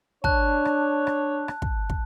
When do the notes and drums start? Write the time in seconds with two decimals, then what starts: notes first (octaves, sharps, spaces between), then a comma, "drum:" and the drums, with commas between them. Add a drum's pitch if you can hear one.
0.24 D4 C#5 A5 F#6, drum: kick
0.65 drum: rim click
1.07 drum: rim click
1.48 drum: rim click
1.62 drum: kick
1.90 drum: kick